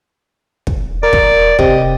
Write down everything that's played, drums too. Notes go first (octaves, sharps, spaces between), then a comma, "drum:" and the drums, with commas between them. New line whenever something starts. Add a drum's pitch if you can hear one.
drum: kick
A#4 D5
drum: kick
C3 C4 G4 D#5, drum: kick